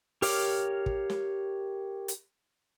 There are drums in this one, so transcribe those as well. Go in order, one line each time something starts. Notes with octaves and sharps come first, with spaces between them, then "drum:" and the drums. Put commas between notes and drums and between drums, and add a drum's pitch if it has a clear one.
G4 A#4 C#5 F5 D6, drum: open hi-hat
drum: kick
drum: snare
drum: hi-hat